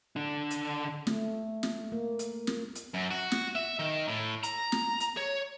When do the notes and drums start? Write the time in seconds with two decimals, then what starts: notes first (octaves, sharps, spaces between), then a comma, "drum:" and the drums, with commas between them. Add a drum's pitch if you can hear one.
0.16 D3 D4
0.50 drum: hi-hat
1.07 A3, drum: snare
1.63 drum: snare
1.92 A#3
2.19 drum: hi-hat
2.47 drum: snare
2.75 drum: hi-hat
2.94 F#2
3.11 F#4
3.32 drum: snare
3.55 E5
3.79 D#3
4.08 A2
4.43 A#5, drum: hi-hat
4.72 drum: snare
5.00 drum: hi-hat
5.17 C#5